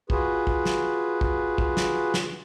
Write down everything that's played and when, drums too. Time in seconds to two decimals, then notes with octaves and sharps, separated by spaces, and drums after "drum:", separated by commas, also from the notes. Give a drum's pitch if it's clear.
0.10 F4 F#4 G#4 B4, drum: kick
0.47 drum: kick
0.65 drum: snare
1.21 drum: kick
1.58 drum: kick
1.77 drum: snare
2.14 drum: snare